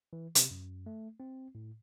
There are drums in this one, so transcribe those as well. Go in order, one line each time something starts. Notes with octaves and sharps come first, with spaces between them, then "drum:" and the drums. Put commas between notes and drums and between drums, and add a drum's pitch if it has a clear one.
E3
C3, drum: hi-hat
F#2
A3
C4
A2